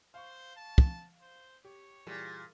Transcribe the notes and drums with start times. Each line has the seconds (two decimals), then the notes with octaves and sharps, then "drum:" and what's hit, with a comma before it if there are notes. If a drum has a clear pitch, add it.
0.14 C5 F5 C#6
0.56 A5
0.78 drum: kick
1.21 C5
1.65 G4 C#5
2.07 A#2 E3 G3 G#4